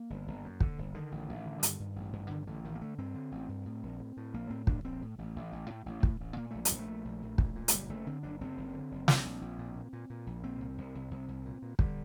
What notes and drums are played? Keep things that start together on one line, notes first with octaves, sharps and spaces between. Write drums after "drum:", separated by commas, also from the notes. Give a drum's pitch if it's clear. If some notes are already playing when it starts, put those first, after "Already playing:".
Already playing: A#3
G1
G1
F#2
D3, drum: kick
G1
D3 D#3
A1
A1
D3
G2, drum: hi-hat
G2
A1
G2
D3 D#3
D#3
A1 D3
A1 D#3
A#3
D3 A3
G2 C4
D3
A1
G2
A2
A#1
A2
A2
A#1 A#3
A2 C4
A2 D4, drum: kick
A#1 C4
A2
A1
A1
A1
A2
A1
A2, drum: kick
A1
A#2 A#3
A#1 A3
G3, drum: hi-hat
A#1
A3
A#2
A#1
A#1
A#2, drum: kick
A#2
A3, drum: hi-hat
F#1 G3
F#1 A3
D3 C4
F#1 D4
F#1 C4
F#1
D3
F#1
A#1, drum: snare
A#1
A#1
A#2
A#2
A#2
A#2
A#1
A#2 C4
C2
C2
C2
C2
C2
A#2
A#2
D3 G3, drum: kick